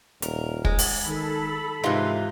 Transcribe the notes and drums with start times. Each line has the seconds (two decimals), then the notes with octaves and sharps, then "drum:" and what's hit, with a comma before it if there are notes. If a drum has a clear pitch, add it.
0.22 D#1 A#4, drum: hi-hat
0.65 G#3, drum: kick
0.79 drum: open hi-hat
1.07 D#3 A4 B5
1.84 G#2 C3 E3 D#4 F4